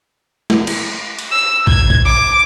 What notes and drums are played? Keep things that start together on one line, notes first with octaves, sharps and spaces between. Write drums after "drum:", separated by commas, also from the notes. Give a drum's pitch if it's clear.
drum: snare
drum: cymbal
drum: cymbal
E6
G#6, drum: kick
drum: kick
D6